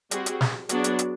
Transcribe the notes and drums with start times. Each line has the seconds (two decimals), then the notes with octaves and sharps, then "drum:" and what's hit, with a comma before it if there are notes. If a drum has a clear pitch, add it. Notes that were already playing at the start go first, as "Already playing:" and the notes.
0.11 G3 C4 F#4 G#4, drum: hi-hat
0.26 drum: hi-hat
0.41 drum: snare
0.69 F#3 B3 D4 F#4 G#4, drum: hi-hat
0.84 drum: hi-hat
0.99 drum: hi-hat